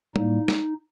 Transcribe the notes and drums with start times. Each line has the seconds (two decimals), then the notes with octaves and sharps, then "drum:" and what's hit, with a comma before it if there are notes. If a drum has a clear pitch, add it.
0.16 A2 G3 A#3 D#4, drum: tom
0.48 drum: snare